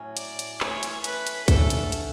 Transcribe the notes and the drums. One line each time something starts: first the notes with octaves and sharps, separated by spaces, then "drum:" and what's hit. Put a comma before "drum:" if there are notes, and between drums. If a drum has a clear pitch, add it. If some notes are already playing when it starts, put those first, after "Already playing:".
Already playing: A2 F#3 C#4
D5, drum: hi-hat
drum: hi-hat
E3 A3 C#4 C#5, drum: clap
drum: hi-hat
B4, drum: hi-hat
drum: hi-hat
D3 A3 C#4 A4, drum: kick, hi-hat
drum: hi-hat
drum: hi-hat